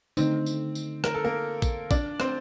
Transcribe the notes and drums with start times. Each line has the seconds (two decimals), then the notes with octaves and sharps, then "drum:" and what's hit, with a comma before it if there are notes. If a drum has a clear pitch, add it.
0.17 D3 A3 C4 D#4, drum: tambourine
0.46 drum: tambourine
0.75 drum: tambourine
1.04 A#4, drum: rim click
1.14 A4
1.25 A#3 A#4
1.62 drum: kick, tambourine
1.91 D4 D5, drum: kick, tambourine
2.20 C4 C5, drum: rim click